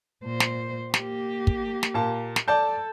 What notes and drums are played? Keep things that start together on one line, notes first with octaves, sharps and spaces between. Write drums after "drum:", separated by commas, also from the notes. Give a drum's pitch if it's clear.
A#2 C5
drum: snare
A#3 G4, drum: snare
drum: kick
drum: snare
A#2 A5
drum: snare
A4 D5 A5 G6